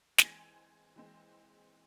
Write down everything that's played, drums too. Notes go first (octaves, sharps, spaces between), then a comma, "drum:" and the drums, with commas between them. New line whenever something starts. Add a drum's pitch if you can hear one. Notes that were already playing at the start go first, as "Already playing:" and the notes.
E3 G#3 C4 G#5, drum: snare
E3 G#3 C4